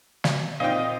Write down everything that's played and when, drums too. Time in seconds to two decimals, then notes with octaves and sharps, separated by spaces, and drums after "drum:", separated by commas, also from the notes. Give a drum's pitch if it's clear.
0.24 drum: snare
0.60 A#2 C4 D#4 D#5 F5 G5